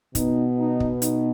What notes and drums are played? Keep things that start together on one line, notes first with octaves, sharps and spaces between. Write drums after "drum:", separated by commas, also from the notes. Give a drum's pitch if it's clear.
B2 B3 D#4, drum: kick, hi-hat
D#4
drum: kick
D#4, drum: hi-hat